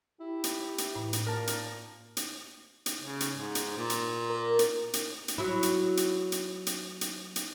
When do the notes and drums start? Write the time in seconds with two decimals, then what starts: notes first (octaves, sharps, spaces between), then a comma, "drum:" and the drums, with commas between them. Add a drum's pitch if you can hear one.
0.20 E4 G4
0.44 drum: hi-hat
0.78 drum: hi-hat
0.96 A2 E3
1.13 drum: hi-hat
1.27 A#2 A#3 A#4 A5
1.47 drum: hi-hat
2.17 drum: hi-hat
2.86 drum: hi-hat
3.01 C#3
3.20 drum: hi-hat
3.36 G#2
3.55 drum: hi-hat
3.77 A#2
3.90 drum: hi-hat
4.30 A#4
4.59 drum: hi-hat
4.93 drum: hi-hat
5.28 drum: hi-hat
5.38 F#3 E4
5.63 drum: hi-hat
5.97 drum: hi-hat
6.32 drum: hi-hat
6.67 drum: hi-hat
7.01 drum: hi-hat
7.36 drum: hi-hat